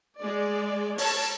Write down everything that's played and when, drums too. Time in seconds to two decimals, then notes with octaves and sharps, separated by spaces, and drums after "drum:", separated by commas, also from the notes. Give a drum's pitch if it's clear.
0.20 G#3 D5
0.98 C#5 A5, drum: open hi-hat